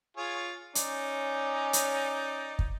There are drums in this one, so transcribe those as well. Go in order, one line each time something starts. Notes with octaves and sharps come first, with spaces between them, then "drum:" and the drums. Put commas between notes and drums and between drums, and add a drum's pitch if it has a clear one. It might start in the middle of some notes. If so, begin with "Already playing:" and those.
F4 G#4 C#5
C#4 D#4 D5, drum: hi-hat
drum: hi-hat
drum: kick